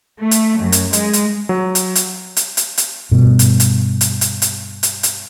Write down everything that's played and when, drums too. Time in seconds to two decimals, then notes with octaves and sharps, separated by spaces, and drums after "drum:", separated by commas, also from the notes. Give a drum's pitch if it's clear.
0.19 A3
0.31 drum: hi-hat
0.59 F#2
0.72 drum: hi-hat
0.93 G#3, drum: hi-hat
1.13 drum: hi-hat
1.49 F#3
1.75 drum: hi-hat
1.95 drum: hi-hat
2.37 drum: hi-hat
2.57 drum: hi-hat
2.78 drum: hi-hat
3.11 G2 B2
3.39 drum: hi-hat
3.60 drum: hi-hat
4.01 drum: hi-hat
4.21 drum: hi-hat
4.42 drum: hi-hat
4.83 drum: hi-hat
5.03 drum: hi-hat